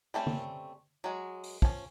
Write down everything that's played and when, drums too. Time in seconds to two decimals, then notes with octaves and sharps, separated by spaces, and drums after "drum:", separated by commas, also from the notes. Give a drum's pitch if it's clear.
0.14 G3 A3 C4 C#4
0.27 drum: tom D3
1.04 F#3 G#3
1.43 drum: open hi-hat
1.62 F3 C#4, drum: kick